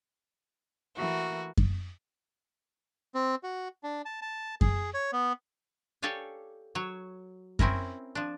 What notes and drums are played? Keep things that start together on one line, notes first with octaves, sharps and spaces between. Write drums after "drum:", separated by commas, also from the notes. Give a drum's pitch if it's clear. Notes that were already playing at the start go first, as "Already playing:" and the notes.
E3 A3 A#3 F#4
drum: kick F#2
C4
F#4
D4
A5
A5
G#4, drum: kick F#2
C#5
B3
G4 A4 C#5 D5 F5 G#5
F#3 C#5
C4 C#4 E4 A#4, drum: kick F#2
F3 D4